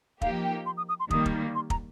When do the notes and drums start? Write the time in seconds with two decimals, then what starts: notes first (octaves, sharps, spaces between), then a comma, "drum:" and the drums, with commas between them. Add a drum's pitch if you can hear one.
0.22 F3 A#3 D#4 G4 F5, drum: kick
0.44 G5
0.66 C6
0.77 D#6
0.89 D#6
1.00 C6
1.10 D#3 G3 A#3 D#6, drum: kick
1.26 drum: kick
1.55 C6
1.70 A#5, drum: kick